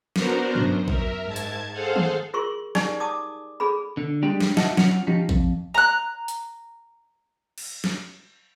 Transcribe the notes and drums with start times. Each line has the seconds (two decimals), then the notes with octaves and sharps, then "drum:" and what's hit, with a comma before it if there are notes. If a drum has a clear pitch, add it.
0.16 B3 D4 F#4 A#4 C5 A#5, drum: snare
0.55 F#2, drum: tom G2
0.88 A#4 E5, drum: kick A#1
1.25 G#2 A5 G#6
1.36 drum: hi-hat
1.73 G#4 A4 C5 F5 F#5
1.96 drum: tom D#3
2.33 F4 G#4 A#4 C6 C#6
2.75 D#4 G4 D5 G#5, drum: snare
3.00 A5 D6 D#6
3.60 G#4 A4 B5
3.97 D3
4.23 G3 G#3 D4 G4 D5
4.41 drum: snare
4.57 D#4 F#4 D#5 E5 F#5 A5, drum: snare
4.77 F#3 C#4 F4 C#5 F#5, drum: snare
5.07 F3 C#4 D#4 F4 G4
5.29 F2, drum: kick A#1
5.74 A#5 F#6
6.28 drum: hi-hat
7.58 drum: cymbal
7.84 drum: snare